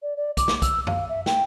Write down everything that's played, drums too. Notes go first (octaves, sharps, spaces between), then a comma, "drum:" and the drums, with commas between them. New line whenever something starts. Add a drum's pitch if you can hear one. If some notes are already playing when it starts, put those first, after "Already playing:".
D5
D5
D6, drum: kick B1, hi-hat
drum: snare
E6, drum: kick B1, hi-hat
F5, drum: tom F#2
E5
G5, drum: snare